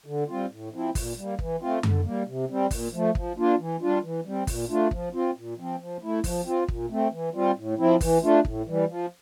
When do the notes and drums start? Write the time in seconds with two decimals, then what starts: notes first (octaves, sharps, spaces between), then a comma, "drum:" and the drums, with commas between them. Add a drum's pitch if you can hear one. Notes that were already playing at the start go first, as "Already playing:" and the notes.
0.06 D3
0.28 G3 C4 F4
0.51 A2
0.72 F3 C4 E4
0.95 A#2, drum: kick, open hi-hat
1.17 G3 A#3
1.39 E3, drum: kick
1.62 A3 C4 F4
1.83 D3, drum: tom F#2
2.04 G3 A#3
2.27 C3
2.49 G3 C4
2.71 A#2, drum: kick, open hi-hat
2.93 F3 A3
3.15 F3, drum: kick
3.37 A#3 D4 F4
3.59 E3
3.81 G3 D4 F4
4.03 E3
4.25 G3 C4
4.47 A#2, drum: kick, open hi-hat
4.70 A3 D4 F4
4.91 F3, drum: kick
5.14 C4 F4
5.36 A#2
5.58 F3 C4
5.80 F3
6.02 A3 E4
6.24 F3, drum: kick, open hi-hat
6.46 C4 F4
6.68 A#2, drum: kick
6.90 A3 C4
7.12 E3
7.34 G3 C4 F4
7.57 A2
7.79 F3 C4 E4
8.01 E3, drum: kick, open hi-hat
8.22 A3 D4 F4
8.45 A2, drum: kick
8.67 E3 G3
8.89 F3